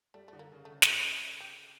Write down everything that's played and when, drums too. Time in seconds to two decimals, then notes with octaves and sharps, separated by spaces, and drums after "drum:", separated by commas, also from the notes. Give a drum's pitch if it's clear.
0.14 G3 A3
0.28 D3 A3
0.39 A#3
0.52 C#3
0.65 A3
0.71 C#3
0.82 A3, drum: snare
0.90 G3
1.40 G4